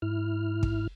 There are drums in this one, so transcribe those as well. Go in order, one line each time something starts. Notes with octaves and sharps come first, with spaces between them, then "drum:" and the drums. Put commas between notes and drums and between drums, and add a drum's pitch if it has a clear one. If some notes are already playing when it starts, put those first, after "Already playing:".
G#2 E4 F6
drum: kick